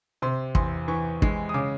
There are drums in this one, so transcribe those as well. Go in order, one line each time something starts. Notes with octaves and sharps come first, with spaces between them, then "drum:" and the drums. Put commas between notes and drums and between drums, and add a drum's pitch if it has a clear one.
C3 C6
E2 C6, drum: kick
E3 C#6
G#3, drum: kick
D#6
C#3 D6